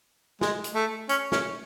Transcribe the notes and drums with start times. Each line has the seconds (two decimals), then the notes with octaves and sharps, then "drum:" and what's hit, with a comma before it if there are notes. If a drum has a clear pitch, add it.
0.41 G#3, drum: snare
0.64 drum: hi-hat
0.75 A3
1.09 C#4, drum: hi-hat
1.32 C#4, drum: snare